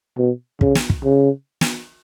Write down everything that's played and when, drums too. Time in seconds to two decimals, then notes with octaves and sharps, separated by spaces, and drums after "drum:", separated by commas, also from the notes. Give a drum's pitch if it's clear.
0.18 B2
0.61 C#3, drum: kick
0.75 drum: snare
0.90 drum: kick
1.04 C#3
1.61 drum: snare